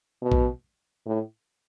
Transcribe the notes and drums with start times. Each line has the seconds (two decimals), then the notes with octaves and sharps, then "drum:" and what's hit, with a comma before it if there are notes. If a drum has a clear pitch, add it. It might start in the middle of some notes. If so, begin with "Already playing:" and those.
0.22 B2
0.32 drum: kick A#1
1.06 A2